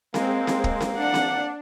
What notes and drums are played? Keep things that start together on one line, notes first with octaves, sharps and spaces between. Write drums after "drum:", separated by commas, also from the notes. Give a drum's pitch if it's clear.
G#3 A#3 C4, drum: snare C4
drum: snare C4
drum: kick
drum: snare C4
D4 F#5
drum: snare C4